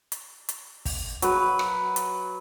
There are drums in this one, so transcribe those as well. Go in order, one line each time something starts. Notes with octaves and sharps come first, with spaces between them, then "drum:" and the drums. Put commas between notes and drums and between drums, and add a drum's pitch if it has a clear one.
drum: hi-hat
drum: hi-hat
drum: kick, open hi-hat
F#3 B4, drum: hi-hat
drum: rim click
drum: hi-hat